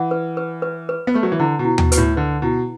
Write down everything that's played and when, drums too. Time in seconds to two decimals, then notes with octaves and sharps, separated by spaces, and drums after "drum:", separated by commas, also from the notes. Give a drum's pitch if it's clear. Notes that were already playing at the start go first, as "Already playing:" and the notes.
Already playing: E3 F#5
0.11 B4
0.37 B4
0.62 B4
0.89 B4
1.07 B3
1.14 A3 B4
1.23 F#3
1.32 E3
1.39 D3 E4
1.59 B2
1.65 E4
1.78 B2, drum: tom
1.92 B2 B4, drum: hi-hat
1.98 A2
2.16 D3 B4
2.42 B2 E4